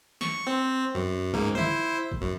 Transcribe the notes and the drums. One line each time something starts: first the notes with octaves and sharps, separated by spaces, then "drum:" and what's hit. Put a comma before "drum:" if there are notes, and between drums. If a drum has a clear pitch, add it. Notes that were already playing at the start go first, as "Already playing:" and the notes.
C#6, drum: snare
C4
F#2
C#2 G#2 A#3
E4 C5, drum: tom
drum: kick G1
F#2